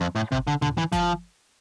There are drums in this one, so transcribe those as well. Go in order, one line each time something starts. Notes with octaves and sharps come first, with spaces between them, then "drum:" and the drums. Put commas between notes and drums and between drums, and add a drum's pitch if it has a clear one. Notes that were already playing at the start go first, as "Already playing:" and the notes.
F2
A2
C3, drum: kick G1
D3
D3, drum: tom A2
E3
F3, drum: kick G1, hi-hat